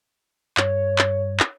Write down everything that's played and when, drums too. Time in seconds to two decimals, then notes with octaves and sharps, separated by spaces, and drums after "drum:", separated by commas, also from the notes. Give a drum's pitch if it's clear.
0.57 G2 C#5, drum: clap
0.99 drum: clap
1.40 drum: clap